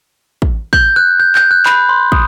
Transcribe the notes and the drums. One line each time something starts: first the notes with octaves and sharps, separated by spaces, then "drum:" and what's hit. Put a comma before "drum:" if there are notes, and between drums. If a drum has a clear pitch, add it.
drum: kick
G6, drum: kick
F#6
G6
G6, drum: clap
F#6
B5, drum: clap
C6
D#6, drum: kick